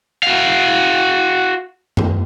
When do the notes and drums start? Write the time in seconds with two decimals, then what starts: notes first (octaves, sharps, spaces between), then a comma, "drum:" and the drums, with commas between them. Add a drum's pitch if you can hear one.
0.23 F#4 F5
1.97 drum: tom F#2